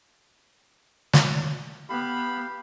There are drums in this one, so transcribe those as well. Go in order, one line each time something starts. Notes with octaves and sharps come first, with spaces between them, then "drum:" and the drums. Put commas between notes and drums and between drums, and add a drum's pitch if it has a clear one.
drum: snare
B3 G4 F5 B5